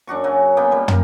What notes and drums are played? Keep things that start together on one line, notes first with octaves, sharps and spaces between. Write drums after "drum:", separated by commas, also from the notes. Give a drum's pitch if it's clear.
F#2 D4 F#4 C#6
C#3 F#3 F#4
C#3 A#3 B3 G5
A#2 G3
G3 A#4, drum: tom